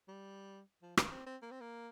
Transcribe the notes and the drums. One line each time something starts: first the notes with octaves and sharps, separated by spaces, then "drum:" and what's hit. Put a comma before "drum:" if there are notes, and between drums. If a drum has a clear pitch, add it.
G3
F3
A#3, drum: rim click
C4
C4
A#3
C4
A#3